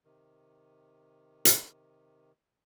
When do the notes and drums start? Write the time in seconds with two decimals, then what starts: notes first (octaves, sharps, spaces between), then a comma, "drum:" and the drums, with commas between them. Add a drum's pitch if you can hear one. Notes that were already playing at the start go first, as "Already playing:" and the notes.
0.05 C3 D#3
1.45 drum: hi-hat